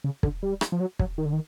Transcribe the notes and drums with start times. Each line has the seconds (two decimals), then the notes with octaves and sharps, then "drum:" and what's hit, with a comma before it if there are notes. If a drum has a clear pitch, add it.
0.04 C#3
0.23 D3, drum: kick
0.43 G3
0.61 drum: rim click
0.72 F3
0.80 F#3
0.99 F#3, drum: kick
1.18 D#3
1.25 D3
1.33 D#3